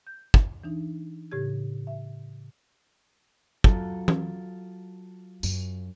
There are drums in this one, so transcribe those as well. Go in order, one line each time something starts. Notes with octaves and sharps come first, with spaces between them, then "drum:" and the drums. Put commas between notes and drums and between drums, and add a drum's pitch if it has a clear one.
G6
drum: kick
E3 D4 D#4
A2 C#3 G4 G#6
E5
F#3 F4 A4, drum: kick
drum: tom E3
F#2, drum: tambourine